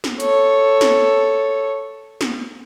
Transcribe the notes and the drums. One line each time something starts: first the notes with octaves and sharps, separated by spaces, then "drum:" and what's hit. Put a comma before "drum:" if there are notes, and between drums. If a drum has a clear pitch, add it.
drum: snare
A4 C#5, drum: hi-hat
drum: snare
drum: snare